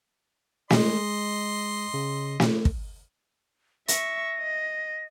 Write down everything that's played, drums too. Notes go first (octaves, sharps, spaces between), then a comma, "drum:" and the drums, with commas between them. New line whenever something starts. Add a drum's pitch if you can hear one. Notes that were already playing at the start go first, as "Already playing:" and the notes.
G#3 D#5 C6, drum: snare
C#3
drum: snare
drum: kick
E5 C#6 A#6, drum: hi-hat
D#5